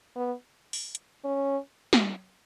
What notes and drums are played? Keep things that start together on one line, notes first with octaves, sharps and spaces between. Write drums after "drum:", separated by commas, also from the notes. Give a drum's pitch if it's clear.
B3
drum: open hi-hat
drum: hi-hat
C#4
drum: snare